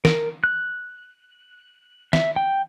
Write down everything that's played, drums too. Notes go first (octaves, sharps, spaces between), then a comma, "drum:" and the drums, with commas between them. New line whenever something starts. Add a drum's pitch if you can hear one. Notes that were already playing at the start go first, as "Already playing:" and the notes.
A#4, drum: snare
F#6
E5, drum: snare
G5